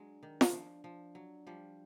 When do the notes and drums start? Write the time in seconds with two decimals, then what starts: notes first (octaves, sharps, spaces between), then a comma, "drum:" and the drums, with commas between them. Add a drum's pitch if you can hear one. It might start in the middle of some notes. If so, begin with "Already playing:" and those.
Already playing: F#3 G#3 D4
0.23 D#3
0.41 drum: snare
0.53 F3
0.84 F3
1.15 F#3
1.47 F3 G3